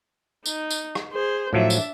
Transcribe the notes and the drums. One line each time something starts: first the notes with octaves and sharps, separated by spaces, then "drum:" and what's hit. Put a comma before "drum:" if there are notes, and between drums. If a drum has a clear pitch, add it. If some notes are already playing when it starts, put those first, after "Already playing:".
D#4, drum: tambourine
drum: tambourine
drum: rim click
G#4 C5
A2 F3 F#3 D4 E5
drum: tambourine